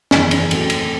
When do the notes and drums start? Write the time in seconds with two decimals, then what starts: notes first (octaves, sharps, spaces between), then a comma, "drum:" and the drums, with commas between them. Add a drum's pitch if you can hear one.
0.11 F#1 E2 D#3, drum: snare
0.31 drum: cymbal
0.51 A2 F#3 A3 C4, drum: cymbal
0.70 drum: cymbal